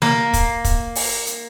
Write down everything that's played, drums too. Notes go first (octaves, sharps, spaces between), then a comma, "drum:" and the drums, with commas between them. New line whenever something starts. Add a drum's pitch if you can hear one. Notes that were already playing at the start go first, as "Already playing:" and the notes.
A#3, drum: snare
drum: kick, hi-hat
drum: kick, hi-hat
drum: open hi-hat
drum: hi-hat